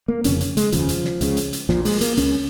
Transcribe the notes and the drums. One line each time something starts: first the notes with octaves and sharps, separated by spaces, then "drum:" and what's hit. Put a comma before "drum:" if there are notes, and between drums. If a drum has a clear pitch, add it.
A#3
F1 F2 C#3 C#4, drum: hi-hat
drum: hi-hat
G#3, drum: hi-hat
F1 D#2 C#3 F3, drum: hi-hat
drum: hi-hat
drum: snare
C#2 C#3, drum: hi-hat
drum: hi-hat
drum: hi-hat
A#1 A#2 F3, drum: snare
G#3, drum: open hi-hat
A#3, drum: hi-hat
C#2 C#3 C#4, drum: hi-hat